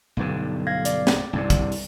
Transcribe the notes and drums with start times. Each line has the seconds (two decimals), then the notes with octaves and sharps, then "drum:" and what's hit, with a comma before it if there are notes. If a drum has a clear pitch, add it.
0.17 B1 G2 D3
0.67 F5 G#6 A#6
0.85 D5, drum: hi-hat
1.07 drum: snare
1.33 C2 G2 C3
1.50 drum: kick, hi-hat
1.72 drum: open hi-hat